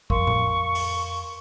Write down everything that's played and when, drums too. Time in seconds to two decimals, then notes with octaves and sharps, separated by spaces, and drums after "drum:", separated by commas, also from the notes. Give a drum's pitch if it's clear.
0.10 F2 A#4 F5 C6 C#6, drum: kick
0.27 drum: tom A2
0.75 drum: open hi-hat